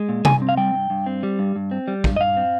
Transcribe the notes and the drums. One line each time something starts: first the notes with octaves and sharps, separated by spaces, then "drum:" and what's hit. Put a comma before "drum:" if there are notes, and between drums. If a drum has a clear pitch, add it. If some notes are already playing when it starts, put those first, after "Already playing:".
Already playing: G#3
A#2
G2 G#5, drum: tom C3
C4
F5
G3 G5
G2
G2
C4
G3
G2
G2
C4
G3
G2, drum: kick
D#5
G2 F5
C4